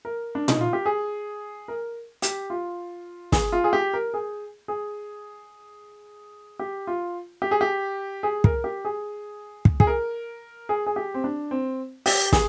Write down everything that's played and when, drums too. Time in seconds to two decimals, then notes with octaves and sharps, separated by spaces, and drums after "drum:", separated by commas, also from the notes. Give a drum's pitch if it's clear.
0.05 A#4
0.35 D4
0.48 D#4, drum: tom A#2
0.61 F4
0.73 G4
0.86 G#4
1.68 A#4
2.22 G4, drum: hi-hat
2.50 F4
3.32 G#4, drum: snare
3.52 F4
3.64 G#4
3.73 G4
3.93 A#4
4.14 G#4
4.68 G#4
6.59 G4
6.87 F4
7.42 G4
7.51 G#4
7.61 G4
8.23 G#4
8.44 A#4, drum: kick
8.64 G4
8.85 G#4
9.65 drum: kick
9.80 G#4, drum: kick
9.87 A#4
10.69 G#4
10.86 G#4
10.96 G4
11.14 C4
11.24 D4
11.51 C4
12.06 G4, drum: open hi-hat
12.32 G#4, drum: snare